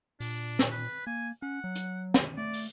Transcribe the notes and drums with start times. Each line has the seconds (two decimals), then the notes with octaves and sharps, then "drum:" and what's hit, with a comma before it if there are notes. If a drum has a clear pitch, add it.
0.20 A#2 D4, drum: open hi-hat
0.59 drum: snare
0.71 B4
1.07 A#3 G#5
1.42 C#4 F#5
1.64 F#3
1.76 drum: hi-hat
2.14 drum: snare
2.38 A3 D5
2.53 drum: open hi-hat